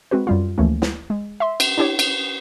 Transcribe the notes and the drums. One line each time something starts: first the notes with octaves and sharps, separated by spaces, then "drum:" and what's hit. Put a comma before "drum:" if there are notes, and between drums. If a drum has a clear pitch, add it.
G#3 C4 F#4 B4
F#2 G3 F4
D2 E3 F3 A3 A#3 C#4
drum: snare
G#3
E5 C6
drum: cymbal
D4 E4 G4 C#5
drum: cymbal